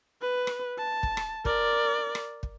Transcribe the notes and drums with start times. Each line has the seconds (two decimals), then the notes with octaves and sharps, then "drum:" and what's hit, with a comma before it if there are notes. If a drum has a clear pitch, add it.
0.22 B4
0.47 drum: rim click
0.78 A5
1.03 drum: kick
1.17 drum: rim click
1.45 A#4 D5, drum: kick
2.15 drum: rim click
2.43 drum: kick